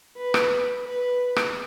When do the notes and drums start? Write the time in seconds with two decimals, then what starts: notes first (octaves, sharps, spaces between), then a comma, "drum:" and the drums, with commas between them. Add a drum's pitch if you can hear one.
0.17 B4
0.34 drum: rim click
0.85 B4
1.36 drum: rim click